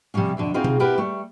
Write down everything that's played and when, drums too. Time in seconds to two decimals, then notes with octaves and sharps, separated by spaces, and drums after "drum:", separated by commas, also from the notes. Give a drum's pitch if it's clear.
0.14 C3 F3 G3 A#3 C#4
0.37 F2 B2 D3
0.54 C#3 B3 C4 D#4 F4 G#4
0.64 drum: tom B2
0.80 B3 C4 E4 G4 A#4 B4
0.98 G3 A3